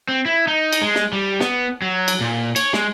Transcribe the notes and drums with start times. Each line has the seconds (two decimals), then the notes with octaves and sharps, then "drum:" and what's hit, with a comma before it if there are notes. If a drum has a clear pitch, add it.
0.09 C4
0.26 E4
0.48 D#4
0.73 drum: cymbal
0.82 G#3
0.95 drum: snare
1.13 G3
1.40 B3, drum: snare
1.82 F#3
2.08 drum: cymbal
2.21 A#2
2.56 C#5, drum: cymbal
2.73 G#3, drum: snare